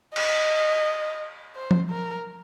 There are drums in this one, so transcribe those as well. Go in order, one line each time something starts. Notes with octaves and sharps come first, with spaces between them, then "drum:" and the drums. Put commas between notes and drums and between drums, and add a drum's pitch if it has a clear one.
D#5, drum: cymbal
C5
drum: tom F3
A#4